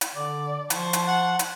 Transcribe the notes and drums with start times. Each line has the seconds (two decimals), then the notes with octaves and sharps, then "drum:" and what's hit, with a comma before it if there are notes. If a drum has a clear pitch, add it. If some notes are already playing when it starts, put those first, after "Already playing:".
0.01 drum: hi-hat
0.15 D3 D5
0.70 F3 C5 A5 C#6, drum: hi-hat
0.93 drum: hi-hat
1.07 F#5
1.39 drum: hi-hat